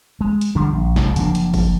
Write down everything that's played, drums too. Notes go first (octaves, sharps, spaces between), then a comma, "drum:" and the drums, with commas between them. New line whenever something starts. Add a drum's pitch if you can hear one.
G#3
drum: hi-hat
D3 G3 D4
A#1
F1 C2 G#3, drum: snare
F#1 F3 A#3 D4, drum: hi-hat
drum: hi-hat
drum: kick, open hi-hat